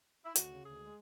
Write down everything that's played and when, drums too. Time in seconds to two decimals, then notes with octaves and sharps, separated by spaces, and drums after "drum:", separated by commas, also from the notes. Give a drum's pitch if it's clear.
0.25 E4
0.36 D2 F#4, drum: hi-hat
0.50 C#3
0.65 D2 G#4
0.80 G#3